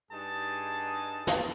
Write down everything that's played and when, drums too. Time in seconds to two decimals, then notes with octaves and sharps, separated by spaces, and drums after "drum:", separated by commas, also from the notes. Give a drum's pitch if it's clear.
0.11 G2 D4 D#4 G#4 A5
1.27 drum: snare